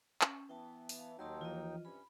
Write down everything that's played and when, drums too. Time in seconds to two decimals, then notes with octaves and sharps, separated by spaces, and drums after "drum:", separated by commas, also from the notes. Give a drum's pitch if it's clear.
0.21 C#4 C#6, drum: clap
0.49 E3 B3 G5 A5
0.89 drum: open hi-hat
0.99 F5 A5
1.19 D#2 F#3 A#3 D#4 G5 A5 C6 E6
1.41 E3 F3 F4 D#5
1.85 G2 C3 C#4 B5